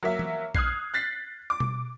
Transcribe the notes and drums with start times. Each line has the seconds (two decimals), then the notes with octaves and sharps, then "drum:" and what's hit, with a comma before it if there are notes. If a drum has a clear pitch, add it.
0.03 F#3 A#3 E5
0.19 drum: tom
0.55 D#6 F6 F#6 G#6 C7, drum: kick B1
0.94 F#6 A6 B6 C7
1.50 D6
1.60 drum: tom B2